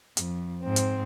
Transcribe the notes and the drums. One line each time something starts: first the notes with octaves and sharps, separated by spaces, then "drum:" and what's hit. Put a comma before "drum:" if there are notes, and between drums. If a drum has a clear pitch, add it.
F2, drum: hi-hat
G#2 C4
drum: hi-hat